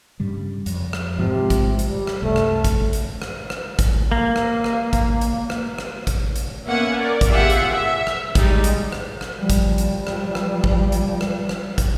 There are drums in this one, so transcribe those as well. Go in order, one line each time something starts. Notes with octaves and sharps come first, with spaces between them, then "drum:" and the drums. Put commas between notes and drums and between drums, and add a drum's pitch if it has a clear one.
G2 C#3 G3
F2, drum: hi-hat
drum: rim click
G#2 C3 F3
drum: kick, hi-hat
drum: hi-hat
G3
drum: rim click
F#1 C2 A3
drum: rim click
drum: kick, hi-hat
drum: hi-hat
drum: rim click
drum: rim click
drum: kick, hi-hat
A#3
drum: rim click
drum: rim click
drum: kick, hi-hat
drum: hi-hat
drum: rim click
drum: rim click
drum: kick, hi-hat
drum: hi-hat
A#3 B3 C#4 E5 F#5 G#5
A#4 D5
drum: kick, hi-hat
F4 G4 G#4 E5 F#5
drum: hi-hat
E5
drum: rim click
G3 G#3 D#4, drum: kick, hi-hat
drum: hi-hat
drum: rim click
drum: rim click
F3 G3
drum: kick, hi-hat
drum: hi-hat
drum: rim click
drum: rim click
drum: kick
drum: hi-hat
drum: rim click
drum: rim click
drum: kick, hi-hat